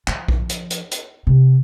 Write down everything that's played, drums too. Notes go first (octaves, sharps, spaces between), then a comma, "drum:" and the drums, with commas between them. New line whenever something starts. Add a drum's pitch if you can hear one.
F3, drum: clap
drum: kick A#1
drum: hi-hat
drum: hi-hat
drum: hi-hat
C3